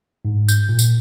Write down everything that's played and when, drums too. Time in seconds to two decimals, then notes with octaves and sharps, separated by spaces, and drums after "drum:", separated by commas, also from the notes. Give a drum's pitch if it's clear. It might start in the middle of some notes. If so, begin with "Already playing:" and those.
0.25 G#2
0.49 G6, drum: tambourine
0.69 A#2
0.79 drum: tambourine